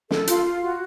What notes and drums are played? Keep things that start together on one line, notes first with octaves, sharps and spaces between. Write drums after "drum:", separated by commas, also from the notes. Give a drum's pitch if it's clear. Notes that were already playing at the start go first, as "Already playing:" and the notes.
A4, drum: snare
F4, drum: hi-hat
F4
F#4